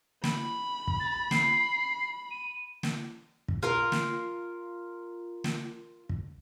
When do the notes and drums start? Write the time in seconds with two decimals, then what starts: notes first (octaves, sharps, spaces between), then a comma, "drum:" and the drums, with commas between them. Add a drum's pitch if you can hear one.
0.24 B5, drum: snare
0.87 drum: kick
1.00 A6
1.31 C7, drum: snare
2.31 D#7
2.83 drum: snare
3.48 drum: kick
3.63 F4 A#4 F5
3.92 drum: snare
5.44 drum: snare
6.09 drum: kick